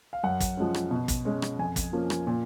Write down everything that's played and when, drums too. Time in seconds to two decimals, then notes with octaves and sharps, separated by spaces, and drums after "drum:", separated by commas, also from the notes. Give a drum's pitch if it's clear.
0.13 F5
0.24 F#2 F#5
0.41 drum: kick, hi-hat
0.57 F3 G#3 C#4
0.74 drum: rim click
0.91 B2
1.08 drum: kick, hi-hat
1.25 G#3 C#4
1.42 drum: rim click
1.59 F2 G#5
1.76 drum: kick, hi-hat
1.93 F3 A#3 C#4
2.10 drum: rim click
2.27 A#2